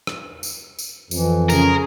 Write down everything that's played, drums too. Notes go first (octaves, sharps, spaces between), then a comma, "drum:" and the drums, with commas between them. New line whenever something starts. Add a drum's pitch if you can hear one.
drum: rim click
drum: tambourine
drum: tambourine
F2 E3, drum: tambourine
C#3 G#4 A#4, drum: tambourine